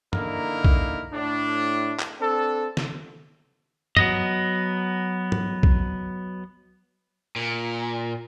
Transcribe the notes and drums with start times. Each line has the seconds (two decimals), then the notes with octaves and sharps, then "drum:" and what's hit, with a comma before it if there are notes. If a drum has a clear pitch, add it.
0.13 D3 A#3 D#4 E4 A#4, drum: tom
0.64 drum: kick
1.12 A2 D4
1.99 drum: clap
2.20 C4 D4 A4
2.77 drum: snare
3.97 F#3 B3 D#5, drum: tom
5.32 drum: tom G#2
5.63 drum: kick
7.36 A#2